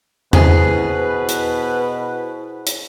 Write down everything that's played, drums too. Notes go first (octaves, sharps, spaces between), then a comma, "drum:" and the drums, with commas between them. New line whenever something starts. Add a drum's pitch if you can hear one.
B2 E4 G#4 B4 C5, drum: tom E2
drum: hi-hat
drum: hi-hat